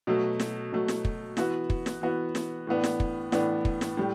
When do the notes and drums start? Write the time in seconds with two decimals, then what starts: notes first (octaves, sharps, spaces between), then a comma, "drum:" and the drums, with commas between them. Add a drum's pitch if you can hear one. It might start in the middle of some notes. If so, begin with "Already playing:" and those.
0.07 B2 F#3 A3
0.40 drum: snare
0.72 B2 F#3 A3
0.88 drum: snare
1.05 drum: kick
1.37 E3 B3 F#4, drum: snare
1.70 drum: kick
1.86 drum: snare
2.02 E3 B3 F#4
2.35 drum: snare
2.67 A2 E3 B3 D4
2.84 drum: snare
3.00 drum: kick
3.32 A2 E3 B3 D4, drum: snare
3.65 drum: kick
3.81 drum: snare
3.97 A2 G3